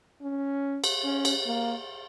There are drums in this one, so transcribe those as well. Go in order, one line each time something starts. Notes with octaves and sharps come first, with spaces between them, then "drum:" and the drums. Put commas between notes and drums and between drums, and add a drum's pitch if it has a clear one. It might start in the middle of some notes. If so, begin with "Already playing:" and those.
C#4
drum: cymbal
C#4
drum: cymbal
A#3